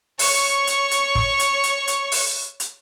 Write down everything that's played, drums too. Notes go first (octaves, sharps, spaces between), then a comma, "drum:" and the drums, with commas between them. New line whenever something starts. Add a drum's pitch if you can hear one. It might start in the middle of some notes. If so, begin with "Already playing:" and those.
C#5 C#6, drum: open hi-hat
drum: hi-hat
drum: hi-hat
drum: kick
drum: hi-hat
drum: hi-hat
drum: hi-hat
drum: open hi-hat
drum: hi-hat